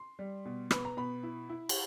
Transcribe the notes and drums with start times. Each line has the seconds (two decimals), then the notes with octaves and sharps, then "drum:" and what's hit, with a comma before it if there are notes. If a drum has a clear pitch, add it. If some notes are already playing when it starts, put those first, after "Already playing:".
Already playing: C6
0.19 G3
0.45 B2
0.71 B3 B5, drum: rim click
0.85 A#5
0.97 B2 B5
1.23 E4
1.49 E4
1.69 drum: cymbal